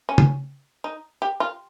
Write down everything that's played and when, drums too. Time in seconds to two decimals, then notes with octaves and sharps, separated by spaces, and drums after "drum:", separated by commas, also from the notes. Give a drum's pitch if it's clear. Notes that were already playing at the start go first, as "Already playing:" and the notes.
0.09 C#4
0.18 drum: tom
0.84 D#4
1.22 G4
1.40 F4